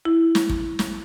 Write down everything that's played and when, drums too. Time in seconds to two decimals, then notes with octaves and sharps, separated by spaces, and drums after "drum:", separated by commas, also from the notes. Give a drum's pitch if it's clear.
0.05 E4
0.35 drum: snare
0.49 drum: kick
0.79 drum: snare